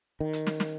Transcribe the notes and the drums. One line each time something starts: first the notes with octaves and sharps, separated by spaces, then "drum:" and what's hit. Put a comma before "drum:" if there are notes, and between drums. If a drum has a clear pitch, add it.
D#3
drum: hi-hat
drum: snare
drum: snare